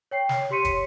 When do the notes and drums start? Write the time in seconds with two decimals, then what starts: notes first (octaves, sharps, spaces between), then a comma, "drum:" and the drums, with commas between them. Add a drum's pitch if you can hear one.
0.11 C#5 G5 C7
0.29 drum: snare
0.50 G4 C#5 C6 B6 C#7 D#7
0.65 drum: kick, hi-hat